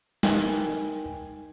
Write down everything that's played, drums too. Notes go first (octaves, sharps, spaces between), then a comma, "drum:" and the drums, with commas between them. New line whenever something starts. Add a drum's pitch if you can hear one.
D#4 A#4 G5 G#5, drum: snare